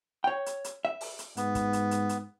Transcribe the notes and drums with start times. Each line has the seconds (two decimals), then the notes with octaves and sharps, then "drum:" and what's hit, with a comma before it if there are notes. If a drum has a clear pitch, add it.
0.24 C#5 G5
0.46 drum: hi-hat
0.64 drum: hi-hat
0.85 E5
1.01 drum: open hi-hat
1.19 drum: hi-hat
1.37 G#2 B3, drum: hi-hat
1.55 drum: kick, hi-hat
1.73 drum: hi-hat
1.91 drum: hi-hat
2.09 drum: hi-hat